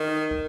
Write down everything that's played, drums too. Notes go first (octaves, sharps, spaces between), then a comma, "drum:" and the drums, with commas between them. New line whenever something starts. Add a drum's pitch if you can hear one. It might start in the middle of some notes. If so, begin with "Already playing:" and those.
Already playing: D#3
drum: kick